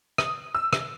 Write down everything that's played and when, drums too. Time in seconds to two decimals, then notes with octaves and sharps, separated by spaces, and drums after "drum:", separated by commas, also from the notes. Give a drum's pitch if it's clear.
0.18 D#6, drum: rim click
0.55 E6
0.73 drum: rim click